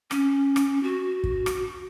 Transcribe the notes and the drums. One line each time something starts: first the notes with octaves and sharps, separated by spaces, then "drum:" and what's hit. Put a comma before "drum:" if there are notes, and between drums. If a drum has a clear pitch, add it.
C#4, drum: rim click
drum: rim click
F#4
drum: kick
drum: rim click